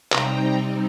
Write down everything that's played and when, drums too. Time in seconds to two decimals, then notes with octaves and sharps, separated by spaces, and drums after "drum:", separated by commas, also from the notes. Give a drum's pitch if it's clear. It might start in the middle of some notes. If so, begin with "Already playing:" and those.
0.12 C3 G3 C4 D#4 G5 A#5, drum: clap